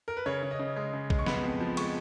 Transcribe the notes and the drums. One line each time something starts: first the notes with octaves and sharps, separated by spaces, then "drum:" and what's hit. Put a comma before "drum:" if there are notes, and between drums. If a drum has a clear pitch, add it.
A#4
B4
C#3 C#5
C#3
D#5
C#3
G#3
C#3
G#3, drum: kick A#1
C#6
B3 B5, drum: snare
F2
F3
G#3 C#6, drum: cymbal